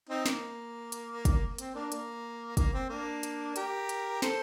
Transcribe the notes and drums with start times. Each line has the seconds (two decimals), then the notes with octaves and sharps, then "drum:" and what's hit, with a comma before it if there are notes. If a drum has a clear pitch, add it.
0.09 C4 D#4
0.26 A#3, drum: snare
0.92 drum: hi-hat
1.25 drum: kick, hi-hat
1.58 C4, drum: hi-hat
1.74 A#3 D4
1.92 A#3, drum: hi-hat
2.57 A#3, drum: kick, hi-hat
2.73 C4
2.90 A#3 D4
3.23 drum: hi-hat
3.56 G4 A#4, drum: hi-hat
3.89 drum: hi-hat
4.22 A4 C5, drum: snare